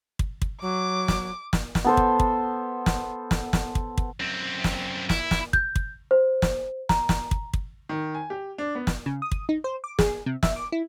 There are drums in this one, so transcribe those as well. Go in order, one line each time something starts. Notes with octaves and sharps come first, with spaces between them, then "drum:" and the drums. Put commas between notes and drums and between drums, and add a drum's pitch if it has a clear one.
drum: kick
drum: kick
F#3 D6
drum: snare
drum: snare
drum: snare
B3 A4 C5
drum: kick
drum: kick
drum: snare
drum: snare
drum: snare
drum: kick
drum: kick
F#2 C4
drum: snare
E4, drum: snare
drum: snare
G6, drum: kick
drum: kick
C5
drum: snare
A#5, drum: snare
drum: snare
drum: kick
drum: kick
D#3
G#5
G4
D4
B3
drum: snare
C#3
D#6
drum: kick
D#4
C5
D6
G#4, drum: snare
C3
E5, drum: snare
D6
E4